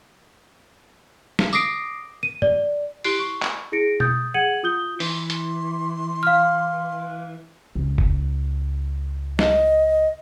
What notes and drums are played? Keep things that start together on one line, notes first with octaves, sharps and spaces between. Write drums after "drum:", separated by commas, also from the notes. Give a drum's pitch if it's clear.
drum: snare
D6 D#6 A#6 C7 D7, drum: tambourine
D#7
D5, drum: tom G#2
E4 G4 C6 F#6 C7 D7, drum: open hi-hat
C#6
drum: clap
E4 G#4 A#6 C#7 D7
D#6 G6 A6, drum: tom B2
G#4 F#5 G#6 C#7 D#7 F#7
F4 D#6 G6 G7
E3 C6, drum: open hi-hat
drum: hi-hat
F5 F6
C#2
drum: kick
D#5, drum: snare